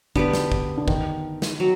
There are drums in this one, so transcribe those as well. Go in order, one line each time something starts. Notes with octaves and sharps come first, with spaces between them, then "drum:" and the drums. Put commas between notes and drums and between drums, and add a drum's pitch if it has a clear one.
D3 B3 D4 G4 B4, drum: kick
drum: snare
drum: kick
D3
D#3, drum: kick
drum: snare
F#3